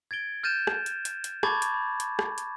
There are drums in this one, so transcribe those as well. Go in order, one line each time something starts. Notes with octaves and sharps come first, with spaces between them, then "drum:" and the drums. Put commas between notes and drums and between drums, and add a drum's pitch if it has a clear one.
G#6 A6 D7 G7
F6 G6 A6 D#7 E7
drum: rim click
drum: hi-hat
drum: hi-hat
drum: hi-hat
A5 B5 C#6 D6 G#6 A6, drum: rim click
drum: hi-hat
B5
drum: hi-hat
drum: rim click
drum: hi-hat